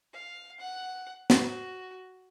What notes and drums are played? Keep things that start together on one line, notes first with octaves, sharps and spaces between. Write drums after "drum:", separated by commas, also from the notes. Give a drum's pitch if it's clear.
F5
F#5
F#4, drum: snare